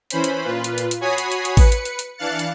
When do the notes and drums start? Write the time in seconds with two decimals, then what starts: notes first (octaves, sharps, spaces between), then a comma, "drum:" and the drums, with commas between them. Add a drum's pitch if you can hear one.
0.11 E3 C#4 C5 B5, drum: hi-hat
0.24 drum: hi-hat
0.44 A#2 F4 B4
0.64 drum: hi-hat
0.78 drum: hi-hat
0.91 drum: hi-hat
1.01 F#4 C#5 G#5 B5 D#6 C7
1.18 drum: hi-hat
1.32 drum: hi-hat
1.45 drum: hi-hat
1.57 B4 C#7, drum: kick A1, open hi-hat
1.72 drum: hi-hat
1.85 drum: hi-hat
1.99 drum: hi-hat
2.18 E3 D4 F5 F#6 A6 C#7
2.39 drum: hi-hat